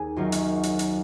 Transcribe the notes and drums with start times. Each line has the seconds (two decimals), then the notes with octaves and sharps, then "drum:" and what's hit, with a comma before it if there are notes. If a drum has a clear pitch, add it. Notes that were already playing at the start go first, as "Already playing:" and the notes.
Already playing: D#2 G#4
0.16 F#2 D#3 F#3 C#4 F4
0.32 drum: hi-hat
0.63 drum: hi-hat
0.79 drum: hi-hat